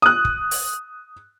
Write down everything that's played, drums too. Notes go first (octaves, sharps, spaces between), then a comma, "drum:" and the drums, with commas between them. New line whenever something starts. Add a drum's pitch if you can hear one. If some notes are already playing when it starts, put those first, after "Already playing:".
D#6 F#6
drum: kick
drum: open hi-hat